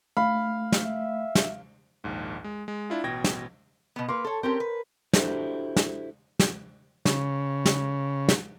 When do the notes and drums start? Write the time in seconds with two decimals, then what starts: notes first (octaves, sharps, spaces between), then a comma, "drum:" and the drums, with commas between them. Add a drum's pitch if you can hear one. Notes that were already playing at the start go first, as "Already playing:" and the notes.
0.17 A3 F5 B5
0.72 drum: snare
0.84 E5
1.35 drum: snare
2.04 A#1 D#2 G#2
2.44 G#3
2.68 G#3
2.90 D4 E4 F4
3.04 A1 B2 G5 G#6 A#6
3.24 drum: snare
3.96 B2 B3
4.08 A#3 B4 C6
4.25 A4 C#5
4.43 C4 C#4 G4 A#4
4.60 B4
5.13 D4 E4 F#4 G4 A4 C5, drum: snare
5.76 drum: snare
6.40 drum: snare
7.06 C#3, drum: snare
7.66 drum: snare
8.29 drum: snare